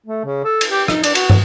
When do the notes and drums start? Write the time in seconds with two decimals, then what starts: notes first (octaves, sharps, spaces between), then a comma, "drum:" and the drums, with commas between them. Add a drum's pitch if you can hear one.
0.06 A3
0.24 C#3
0.44 A4
0.61 drum: cymbal
0.70 G4
0.88 D#4, drum: rim click
1.04 D4, drum: cymbal
1.15 F#4, drum: cymbal
1.30 drum: tom